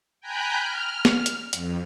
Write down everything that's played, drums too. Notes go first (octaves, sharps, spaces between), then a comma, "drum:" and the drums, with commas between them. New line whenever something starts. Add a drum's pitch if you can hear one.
G5 G#5 A#5 B5 F#6 G6
F6
drum: snare
drum: hi-hat
F2, drum: hi-hat